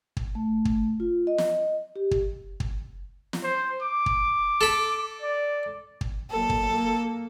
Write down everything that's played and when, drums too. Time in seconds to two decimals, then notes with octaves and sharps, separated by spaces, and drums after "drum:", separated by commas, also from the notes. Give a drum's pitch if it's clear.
0.17 drum: kick
0.35 A3
0.65 drum: kick
1.00 F4
1.27 D#5
1.38 drum: snare
1.96 G4
2.11 drum: kick
2.60 drum: kick
3.33 drum: snare
3.43 C5
3.82 D6
4.06 drum: kick
4.61 A4 B5
5.22 D5
6.01 drum: kick
6.31 F#3 A#3 A4
6.50 drum: kick
6.70 A#3